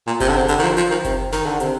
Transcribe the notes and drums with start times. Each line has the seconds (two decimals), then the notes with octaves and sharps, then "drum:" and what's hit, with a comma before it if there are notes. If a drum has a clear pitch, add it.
0.07 A#2
0.20 C3, drum: kick F#1, hi-hat
0.29 D3
0.36 C3
0.48 D3, drum: hi-hat
0.59 D#3
0.63 F3
0.77 F3, drum: hi-hat
0.90 D#3
1.05 C3, drum: kick F#1, hi-hat
1.32 D#3, drum: snare
1.46 D3
1.60 C3, drum: hi-hat